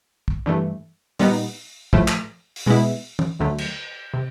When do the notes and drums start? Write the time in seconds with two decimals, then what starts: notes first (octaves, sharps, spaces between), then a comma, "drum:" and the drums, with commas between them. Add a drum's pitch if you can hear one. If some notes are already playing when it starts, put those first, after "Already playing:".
0.28 drum: kick
0.46 G2 E3 A3
1.19 A#2 G3 B3 D#4, drum: open hi-hat
1.93 A2 F3 A3, drum: kick
2.08 drum: clap
2.56 drum: open hi-hat
2.66 B2 G#3 B3 E4
3.19 drum: tom
3.39 D2 D3 F#3 A3
3.58 drum: cymbal
4.14 C3